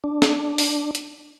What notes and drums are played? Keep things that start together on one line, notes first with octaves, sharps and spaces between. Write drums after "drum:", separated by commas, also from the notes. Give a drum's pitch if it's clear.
D4
drum: snare
drum: open hi-hat
drum: hi-hat